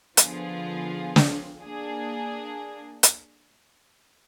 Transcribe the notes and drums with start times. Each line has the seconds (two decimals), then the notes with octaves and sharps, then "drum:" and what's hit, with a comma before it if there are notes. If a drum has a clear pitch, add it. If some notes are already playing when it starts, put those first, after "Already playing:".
0.17 D3 F3 B3 F4 G#4, drum: hi-hat
1.16 drum: snare
1.63 A#3 D4 G#4
3.03 drum: hi-hat